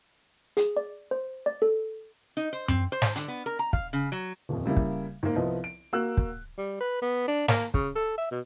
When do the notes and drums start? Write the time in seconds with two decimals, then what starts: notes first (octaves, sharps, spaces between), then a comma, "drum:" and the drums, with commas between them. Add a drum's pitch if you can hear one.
0.57 G#4, drum: hi-hat
0.77 D5
1.11 C5
1.46 D5
1.62 A4
2.37 D#4
2.53 C5
2.68 C4, drum: tom F#2
2.92 C5
3.02 drum: snare
3.16 D3, drum: hi-hat
3.28 B3
3.46 A#4
3.59 A#5
3.73 F5, drum: kick
3.93 C#3
4.12 F#3
4.49 D#1 F2
4.66 C#3 G3 A#3 E4
4.77 drum: kick
5.23 G#2 A#3
5.36 C2 F3 B3 D#5
5.64 D7
5.93 A#3 F#4 E6 F#6
6.17 drum: kick
6.58 G3
6.81 B4
7.02 B3
7.28 D4
7.48 A#3, drum: snare
7.74 C#3, drum: kick
7.95 A4
8.18 E5
8.31 B2